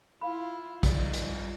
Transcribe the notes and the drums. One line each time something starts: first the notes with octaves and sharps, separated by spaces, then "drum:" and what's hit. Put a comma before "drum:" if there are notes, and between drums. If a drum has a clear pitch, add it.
E4 F4 F5 B5
G3 D#4 F4 D5, drum: kick A#1, hi-hat
drum: hi-hat